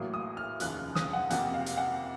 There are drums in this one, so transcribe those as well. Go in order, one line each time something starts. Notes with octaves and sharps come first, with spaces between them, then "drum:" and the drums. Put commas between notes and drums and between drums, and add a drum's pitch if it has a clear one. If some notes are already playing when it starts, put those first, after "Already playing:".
Already playing: A1 A2 F#3 A#3 D#6
D#6
F6
F1 D#2 C#3 F3 F#6, drum: hi-hat
D#6, drum: snare
F#5
F2 C3 F3 A#3 F#5, drum: hi-hat
F5
drum: hi-hat
F#5